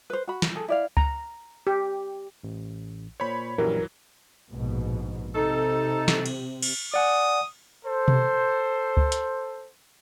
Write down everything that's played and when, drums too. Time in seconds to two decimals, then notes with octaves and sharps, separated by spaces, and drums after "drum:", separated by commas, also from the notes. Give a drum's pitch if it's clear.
0.10 B4 C5
0.27 F#4 B5
0.42 drum: snare
0.55 G#4 A4
0.68 E4 D5 F5
0.97 A#5, drum: kick C#2
1.67 G4
2.44 A1
3.20 A#2 C5 C#5 B5
3.58 A#1 F#2 E3 F#3 G3 A#4
4.51 A#1 G#2 B2
5.35 C3 D#4 A4
6.08 drum: snare
6.26 drum: cymbal
6.63 drum: cymbal
6.94 D5 F#5 G#5 D#6
7.85 A4 C5
8.08 drum: tom B2
8.97 drum: kick C#2
9.12 drum: hi-hat